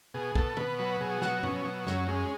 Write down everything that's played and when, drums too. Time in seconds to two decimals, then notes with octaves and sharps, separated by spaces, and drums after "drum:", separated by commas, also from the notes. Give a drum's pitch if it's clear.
0.14 B2 G#4
0.35 B2 A4, drum: kick
0.57 B2 B4, drum: tom
0.79 F#3 B4
1.01 B2 G#4
1.22 F#3 F#4, drum: snare
1.43 B2 C#4, drum: tom G2
1.65 F#3
1.87 F#2 C#4, drum: snare
2.08 G#3 C#4